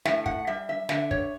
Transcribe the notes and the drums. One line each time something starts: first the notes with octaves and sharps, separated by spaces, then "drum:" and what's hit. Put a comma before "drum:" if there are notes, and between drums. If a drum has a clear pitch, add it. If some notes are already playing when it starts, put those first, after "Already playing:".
A2 E5, drum: snare
F#5, drum: kick
G3 E5
E5
D3 E5, drum: snare
C#5, drum: kick